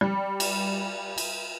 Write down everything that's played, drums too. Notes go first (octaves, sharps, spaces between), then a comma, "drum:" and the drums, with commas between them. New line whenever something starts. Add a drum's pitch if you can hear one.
G3
drum: cymbal
drum: cymbal